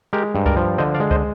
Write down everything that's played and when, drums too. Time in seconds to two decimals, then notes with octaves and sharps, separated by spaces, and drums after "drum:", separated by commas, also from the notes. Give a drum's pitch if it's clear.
0.13 G#3 G4 A#4
0.35 G2
0.46 A#4 D5, drum: kick C#2
0.57 F3
0.78 D3 C5 D#5
0.94 D5 F5
1.00 G#3
1.11 C5 D#5, drum: kick C#2